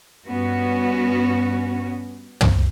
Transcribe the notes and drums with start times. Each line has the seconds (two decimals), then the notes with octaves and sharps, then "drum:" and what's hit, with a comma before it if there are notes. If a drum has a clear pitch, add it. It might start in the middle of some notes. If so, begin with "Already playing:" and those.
0.27 G2 B3 C#4 F#4
2.41 drum: tom